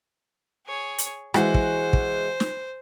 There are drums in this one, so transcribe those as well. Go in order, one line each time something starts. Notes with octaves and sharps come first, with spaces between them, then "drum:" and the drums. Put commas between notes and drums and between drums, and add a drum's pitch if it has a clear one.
G#4 C#5
drum: hi-hat
E3 G#3 F#4 C5, drum: rim click
drum: kick
drum: kick
drum: snare